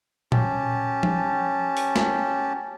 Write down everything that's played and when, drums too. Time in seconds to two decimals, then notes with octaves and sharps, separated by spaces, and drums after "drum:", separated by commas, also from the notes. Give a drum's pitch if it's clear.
0.32 C#4 G4 A5, drum: tom A#2
1.03 drum: tom F3
1.77 drum: open hi-hat
1.96 drum: snare